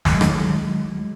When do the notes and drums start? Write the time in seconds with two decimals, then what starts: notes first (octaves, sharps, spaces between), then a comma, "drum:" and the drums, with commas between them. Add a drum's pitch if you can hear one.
0.05 D#3 F#3 G#3, drum: snare
0.21 drum: rim click